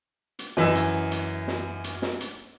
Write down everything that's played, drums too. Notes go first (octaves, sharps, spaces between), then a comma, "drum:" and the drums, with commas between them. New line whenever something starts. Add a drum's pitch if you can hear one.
drum: hi-hat
F#2 E3 D#5 E6 E7, drum: snare
drum: hi-hat
drum: hi-hat
drum: snare
drum: hi-hat
drum: snare
drum: hi-hat